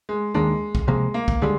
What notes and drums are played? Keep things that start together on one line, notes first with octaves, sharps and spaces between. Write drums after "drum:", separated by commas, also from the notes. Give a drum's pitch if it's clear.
G#3
D#2 D#3 G#3 A#3 D4
drum: kick
C3 F3 G#3 A#3
A#3
drum: kick
D3 G3 G#3